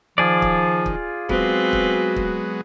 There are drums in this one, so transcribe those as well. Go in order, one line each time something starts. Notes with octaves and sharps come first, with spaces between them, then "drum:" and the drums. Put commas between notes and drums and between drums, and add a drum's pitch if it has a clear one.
D#3 F3 F4 G#4 D5
drum: kick
drum: kick
F#3 G#3 B3 C4 F#4 B4, drum: kick
drum: kick
drum: kick